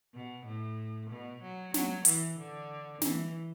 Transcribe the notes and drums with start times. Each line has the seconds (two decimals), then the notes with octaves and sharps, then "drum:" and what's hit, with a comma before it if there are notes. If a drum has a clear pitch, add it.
0.14 B2
0.45 A2
1.10 B2
1.42 F#3
1.74 F#3, drum: snare
2.05 E3, drum: hi-hat
2.38 D3
3.02 E3, drum: snare